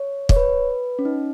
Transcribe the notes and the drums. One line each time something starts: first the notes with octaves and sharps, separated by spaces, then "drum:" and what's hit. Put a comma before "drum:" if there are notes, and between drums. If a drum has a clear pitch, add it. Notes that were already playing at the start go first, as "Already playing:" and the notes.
Already playing: C#5
C#5, drum: kick
B4
C#4
D#4